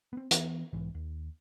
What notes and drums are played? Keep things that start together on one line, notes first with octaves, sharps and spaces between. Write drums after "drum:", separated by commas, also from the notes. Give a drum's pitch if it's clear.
B3 C4
E3 B3, drum: hi-hat
B1 G#2 E3
D#2